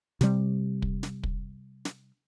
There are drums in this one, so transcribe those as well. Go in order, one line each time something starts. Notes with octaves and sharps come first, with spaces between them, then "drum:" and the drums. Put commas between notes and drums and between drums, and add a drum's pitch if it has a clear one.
C3 G3, drum: snare
drum: kick
drum: snare
drum: kick
drum: snare